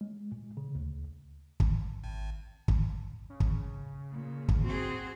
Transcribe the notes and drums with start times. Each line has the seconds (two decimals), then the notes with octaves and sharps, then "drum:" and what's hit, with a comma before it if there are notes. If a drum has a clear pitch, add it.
0.01 G#3
0.32 A#2
0.57 C#3
0.75 D2
1.60 drum: kick
2.04 G#1
2.68 drum: kick
3.30 C#3
3.40 drum: kick
4.12 A#2
4.49 drum: kick
4.64 C4 F#4 G#4